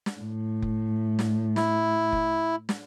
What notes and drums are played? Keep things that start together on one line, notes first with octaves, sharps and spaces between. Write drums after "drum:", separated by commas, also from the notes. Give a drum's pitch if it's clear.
drum: snare
A2
drum: kick F1
drum: snare
E4, drum: snare
drum: kick F1
drum: snare